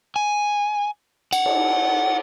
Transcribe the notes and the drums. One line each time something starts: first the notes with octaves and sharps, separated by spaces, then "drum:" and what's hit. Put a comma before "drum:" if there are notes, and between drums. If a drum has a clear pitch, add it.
G#5
F#5, drum: cymbal
drum: cymbal